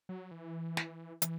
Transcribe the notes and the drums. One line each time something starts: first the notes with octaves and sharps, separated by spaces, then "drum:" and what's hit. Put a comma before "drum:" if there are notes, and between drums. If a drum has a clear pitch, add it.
F#3
E3
drum: snare
E3, drum: hi-hat